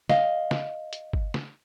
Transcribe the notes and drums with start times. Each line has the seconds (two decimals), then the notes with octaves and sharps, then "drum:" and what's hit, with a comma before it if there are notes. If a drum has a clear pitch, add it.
0.09 D#5 F5, drum: snare
0.51 drum: snare
0.93 drum: hi-hat
1.13 drum: kick G1
1.34 drum: snare